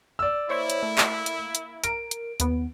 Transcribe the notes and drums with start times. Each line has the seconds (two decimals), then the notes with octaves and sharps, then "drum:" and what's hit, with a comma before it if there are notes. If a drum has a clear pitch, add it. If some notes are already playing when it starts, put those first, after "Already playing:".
0.19 D5 E6
0.50 A#3 E4 C5 C#5
0.70 drum: hi-hat
0.83 A3
0.98 drum: clap
1.26 drum: hi-hat
1.55 drum: hi-hat
1.84 A#4 D7, drum: hi-hat
2.11 drum: hi-hat
2.40 D#2 B3, drum: hi-hat